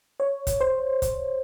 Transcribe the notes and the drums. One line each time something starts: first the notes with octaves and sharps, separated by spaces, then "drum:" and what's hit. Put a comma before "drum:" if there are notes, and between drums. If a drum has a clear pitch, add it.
C#5
drum: kick, hi-hat
C5
drum: kick, hi-hat